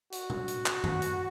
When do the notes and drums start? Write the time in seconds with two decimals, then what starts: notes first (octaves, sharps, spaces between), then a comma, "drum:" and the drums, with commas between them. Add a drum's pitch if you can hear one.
0.12 F#4, drum: hi-hat
0.30 drum: tom A#2
0.48 drum: hi-hat
0.66 drum: clap
0.84 drum: tom
1.02 drum: hi-hat